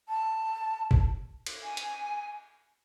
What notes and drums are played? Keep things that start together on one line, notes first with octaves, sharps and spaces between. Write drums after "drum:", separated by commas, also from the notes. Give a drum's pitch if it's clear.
A5
drum: kick G1
drum: cymbal
G#5
drum: hi-hat